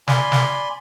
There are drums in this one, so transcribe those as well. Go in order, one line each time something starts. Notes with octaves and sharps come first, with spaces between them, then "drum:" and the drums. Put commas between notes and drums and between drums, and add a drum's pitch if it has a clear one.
D5 G#5 B5 C6, drum: snare
drum: snare